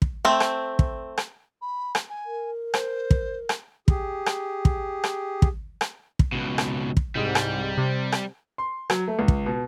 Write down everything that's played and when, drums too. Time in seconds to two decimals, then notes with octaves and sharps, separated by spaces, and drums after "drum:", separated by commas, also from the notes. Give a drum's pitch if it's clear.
0.02 drum: kick
0.25 A3 C4
0.40 drum: rim click
0.79 drum: kick
1.18 drum: rim click
1.62 B5
1.95 drum: rim click
2.09 G#5
2.26 A#4
2.74 C5, drum: rim click
3.11 drum: kick
3.49 drum: rim click
3.88 G4 G#4, drum: kick
4.26 drum: rim click
4.65 drum: kick
5.04 drum: rim click
5.42 drum: kick
5.81 drum: rim click
6.19 drum: kick
6.32 C#2 B2
6.58 drum: rim click
6.97 drum: kick
7.15 C2 G#2 G3
7.35 drum: rim click
7.78 C3
8.12 drum: rim click
8.58 C6
8.90 F#3, drum: rim click
9.07 A3
9.19 C#2
9.28 drum: kick
9.46 B2